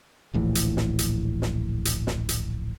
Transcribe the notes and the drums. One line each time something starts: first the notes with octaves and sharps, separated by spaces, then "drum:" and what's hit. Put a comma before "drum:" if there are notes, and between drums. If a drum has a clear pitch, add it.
D1 A#1 A2 E3
drum: hi-hat
drum: snare
drum: hi-hat
drum: snare
drum: hi-hat
drum: snare
drum: hi-hat